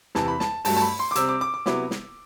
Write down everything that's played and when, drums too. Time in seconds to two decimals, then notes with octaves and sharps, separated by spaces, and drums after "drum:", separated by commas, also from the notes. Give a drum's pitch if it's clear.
0.15 E2 C3 E3 A5, drum: snare
0.28 B5
0.40 A5, drum: snare
0.65 G2 F#3 A3 A5, drum: open hi-hat
0.76 A5
0.81 B5
0.99 C6
1.11 D6
1.15 C3 G3 C4 E6, drum: hi-hat
1.29 D6
1.41 D6
1.54 D6
1.66 C3 F#3 B3 E4 D6, drum: snare
1.91 drum: snare